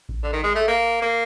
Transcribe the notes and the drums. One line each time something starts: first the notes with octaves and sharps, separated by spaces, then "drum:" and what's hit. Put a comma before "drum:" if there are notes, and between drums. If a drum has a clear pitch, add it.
drum: kick A1
D3
D#3
G#3
A3
A#3
A#3